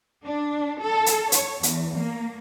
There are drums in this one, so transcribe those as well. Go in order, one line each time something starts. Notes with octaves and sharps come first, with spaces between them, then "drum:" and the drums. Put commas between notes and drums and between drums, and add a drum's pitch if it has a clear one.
D4
A4
drum: hi-hat
C#5, drum: hi-hat
E2, drum: hi-hat
A#3